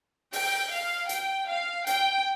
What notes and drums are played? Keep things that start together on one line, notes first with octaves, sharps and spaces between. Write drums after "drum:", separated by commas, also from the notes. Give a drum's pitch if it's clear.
G5, drum: open hi-hat
F5
G5, drum: hi-hat
F5
G5, drum: hi-hat